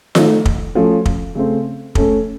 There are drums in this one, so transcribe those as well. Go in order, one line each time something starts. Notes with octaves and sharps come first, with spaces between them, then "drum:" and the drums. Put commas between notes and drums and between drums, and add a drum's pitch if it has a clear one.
D#3 A3 D#4, drum: snare F4
drum: kick
F3 A3 C#4 A4
drum: kick
C#3 A3 C4
A3 C#4 A4, drum: kick